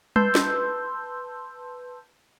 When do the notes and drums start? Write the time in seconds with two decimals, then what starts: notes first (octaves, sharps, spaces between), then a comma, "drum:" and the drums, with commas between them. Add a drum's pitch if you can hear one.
0.16 B4 A5 C6 E6 G6, drum: tom G3
0.35 drum: snare